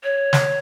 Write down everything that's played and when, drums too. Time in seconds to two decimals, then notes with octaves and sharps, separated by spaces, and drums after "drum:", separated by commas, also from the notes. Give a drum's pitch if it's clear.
0.04 C#5
0.33 drum: snare